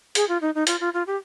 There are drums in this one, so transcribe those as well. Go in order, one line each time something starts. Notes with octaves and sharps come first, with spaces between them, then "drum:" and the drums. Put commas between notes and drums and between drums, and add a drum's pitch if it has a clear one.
G#4, drum: hi-hat
F4
D#4
D#4
F4, drum: hi-hat
F4
F4
G4